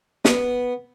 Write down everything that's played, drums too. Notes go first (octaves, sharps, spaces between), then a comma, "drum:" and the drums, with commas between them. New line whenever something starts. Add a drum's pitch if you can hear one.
B3, drum: snare